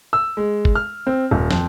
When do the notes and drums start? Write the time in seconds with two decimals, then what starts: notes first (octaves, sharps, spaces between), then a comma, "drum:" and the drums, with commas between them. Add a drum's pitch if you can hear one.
0.13 E6
0.37 G#3
0.65 drum: kick
0.75 F6
1.07 C4
1.31 D#1
1.51 F2, drum: snare